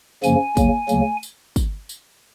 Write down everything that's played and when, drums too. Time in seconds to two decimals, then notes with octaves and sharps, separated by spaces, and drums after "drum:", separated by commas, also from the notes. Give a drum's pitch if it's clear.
0.23 F#2 C#3 F3 A#3 G#5, drum: tambourine
0.57 D#2 C#3 F#3 A#3, drum: kick, tambourine
0.89 D2 C#3 F#3 A#3, drum: tambourine
1.23 drum: tambourine
1.56 drum: kick, tambourine
1.89 drum: tambourine